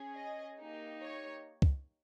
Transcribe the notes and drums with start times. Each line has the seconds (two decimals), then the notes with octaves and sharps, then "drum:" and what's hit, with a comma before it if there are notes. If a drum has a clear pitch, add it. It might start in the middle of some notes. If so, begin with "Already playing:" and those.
Already playing: C#4 G#4
0.15 D#5
0.59 A#3 D#4 G4
1.02 C#5
1.62 drum: kick